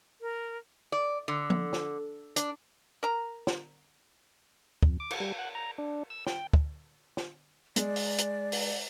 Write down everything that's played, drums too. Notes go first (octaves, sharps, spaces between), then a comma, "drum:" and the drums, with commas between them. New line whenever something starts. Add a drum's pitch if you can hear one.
A#4
D5
D3
drum: tom F3
drum: snare
D4, drum: hi-hat
A#4 A#5
drum: snare
F2, drum: kick
D6
drum: cymbal
G3
F#5
A#5
D4
E6
G5, drum: snare
drum: kick
drum: snare
G#3 D5, drum: hi-hat
drum: open hi-hat
drum: hi-hat
drum: open hi-hat